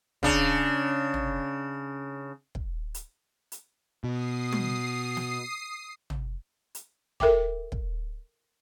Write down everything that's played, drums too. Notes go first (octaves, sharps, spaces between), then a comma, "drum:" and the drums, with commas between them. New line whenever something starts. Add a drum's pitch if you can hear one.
C#3 D4, drum: kick
drum: tom
drum: kick
drum: hi-hat
drum: hi-hat
B2 D#6 C7
drum: tom
drum: snare
drum: tom
drum: hi-hat
A4 A#4 E5 G5 D6, drum: kick
drum: kick